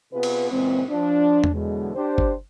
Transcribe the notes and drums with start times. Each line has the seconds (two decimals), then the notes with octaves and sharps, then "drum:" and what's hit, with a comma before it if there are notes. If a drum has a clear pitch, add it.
0.13 C3 B3 F4 G#4 B4
0.23 drum: cymbal
0.51 C#2 A#2 E3 G#3 C4
0.89 F3 D4
1.44 drum: tom E2
1.54 B2 D3 E3 F#3 G#3
1.96 D4 G4 C5
2.18 drum: kick